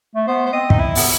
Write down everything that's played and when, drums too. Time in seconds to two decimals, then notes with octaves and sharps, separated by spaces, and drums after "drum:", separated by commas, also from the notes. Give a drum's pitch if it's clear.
0.15 A3
0.27 B3 C5
0.46 C5
0.53 C4 D#5
0.70 D#4, drum: kick
0.79 E4
0.95 B3, drum: open hi-hat